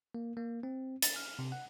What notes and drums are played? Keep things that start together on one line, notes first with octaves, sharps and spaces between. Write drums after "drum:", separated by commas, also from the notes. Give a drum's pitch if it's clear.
A#3
A#3
C4
A6, drum: hi-hat
F6
C3
F#5